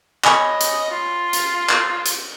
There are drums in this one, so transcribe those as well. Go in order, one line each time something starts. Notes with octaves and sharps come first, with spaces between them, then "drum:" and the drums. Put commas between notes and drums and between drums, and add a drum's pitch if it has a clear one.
C#5 D#5 G#5 B5, drum: clap
drum: hi-hat
F4
drum: hi-hat
drum: clap
drum: hi-hat